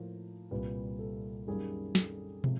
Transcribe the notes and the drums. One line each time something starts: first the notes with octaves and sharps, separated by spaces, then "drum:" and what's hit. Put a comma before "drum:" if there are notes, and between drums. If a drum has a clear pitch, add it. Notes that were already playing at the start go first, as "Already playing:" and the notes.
Already playing: A2 F3 A#3 A#4
C2 A#2 G3 B4
A4
F#2 D#3 G3 A#3 G#4
A4, drum: snare
C3 F3 G#3, drum: tom